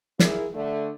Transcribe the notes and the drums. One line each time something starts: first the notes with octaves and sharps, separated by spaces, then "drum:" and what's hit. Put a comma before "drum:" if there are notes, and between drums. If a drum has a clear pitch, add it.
E4 F4 G#4 A#4, drum: snare
D3 A3